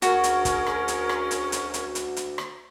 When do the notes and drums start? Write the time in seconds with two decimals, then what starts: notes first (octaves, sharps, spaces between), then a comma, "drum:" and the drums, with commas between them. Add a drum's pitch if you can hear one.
0.02 D2 C#4 F#4 G#4 A#4, drum: hi-hat
0.24 drum: hi-hat
0.45 drum: kick, hi-hat
0.66 drum: rim click
0.88 drum: hi-hat
1.09 drum: rim click
1.31 drum: hi-hat
1.52 drum: hi-hat
1.74 drum: hi-hat
1.95 drum: hi-hat
2.17 drum: hi-hat
2.38 drum: rim click